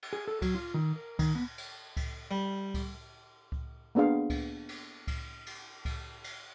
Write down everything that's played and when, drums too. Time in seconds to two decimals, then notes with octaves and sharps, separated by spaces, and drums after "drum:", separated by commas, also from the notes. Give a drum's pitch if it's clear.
0.02 drum: cymbal
0.13 G#4
0.28 A4
0.42 F#3, drum: kick C#2, cymbal
0.55 F4
0.74 D#3
0.96 A#4
1.19 D#3, drum: kick C#2, cymbal
1.35 B3
1.58 drum: cymbal
1.97 drum: kick C#2, cymbal
2.31 G3
2.74 drum: kick C#2, cymbal
3.52 drum: kick C#2
3.95 A#3 B3 D4 G#4 F5
4.30 drum: kick C#2, cymbal
4.69 drum: cymbal
5.07 drum: kick C#2, cymbal
5.46 drum: cymbal
5.85 drum: kick C#2, cymbal
6.24 drum: cymbal